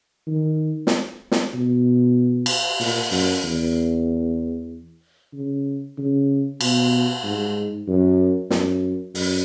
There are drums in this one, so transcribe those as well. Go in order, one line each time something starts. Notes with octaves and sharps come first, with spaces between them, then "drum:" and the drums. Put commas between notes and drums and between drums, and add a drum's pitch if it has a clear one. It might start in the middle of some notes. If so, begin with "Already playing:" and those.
D#3
drum: snare
drum: snare
B2
drum: cymbal
A#2, drum: open hi-hat
F#2, drum: open hi-hat
E2
C#3
C#3
B2, drum: cymbal
G#2
F#2
F#2, drum: snare
F#2, drum: open hi-hat